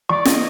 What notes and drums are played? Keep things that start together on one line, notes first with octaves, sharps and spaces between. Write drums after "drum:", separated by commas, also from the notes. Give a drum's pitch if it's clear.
D5 C#6
D#5, drum: snare